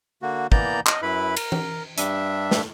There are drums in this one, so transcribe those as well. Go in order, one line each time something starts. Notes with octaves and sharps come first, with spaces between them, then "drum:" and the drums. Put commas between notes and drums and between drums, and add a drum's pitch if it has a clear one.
D3 A#3 F#4
E3 A#3 B3 D5 A#5 G6, drum: kick
D#5, drum: clap
F#2 E4 B4 B5
A#4, drum: cymbal
drum: tom E3
G2 G3 D4 E5, drum: hi-hat
drum: snare